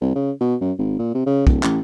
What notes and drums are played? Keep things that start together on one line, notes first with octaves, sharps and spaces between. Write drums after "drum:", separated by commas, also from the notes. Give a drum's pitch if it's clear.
C2
C#3
B2
F#2
G#1
A#2
C3
C#3
D1, drum: kick
A1, drum: clap